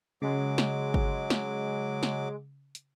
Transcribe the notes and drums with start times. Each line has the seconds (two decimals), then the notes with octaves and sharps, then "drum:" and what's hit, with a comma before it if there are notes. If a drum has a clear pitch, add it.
0.22 C#3 F#3 G#3 D6
0.58 drum: snare
0.94 drum: kick
1.30 drum: snare
2.03 drum: snare
2.75 drum: hi-hat